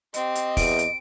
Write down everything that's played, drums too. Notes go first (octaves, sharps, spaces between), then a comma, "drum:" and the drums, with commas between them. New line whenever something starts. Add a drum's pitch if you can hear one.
C4 G4 D#5, drum: hi-hat
drum: hi-hat
E2 D7, drum: kick, open hi-hat
drum: hi-hat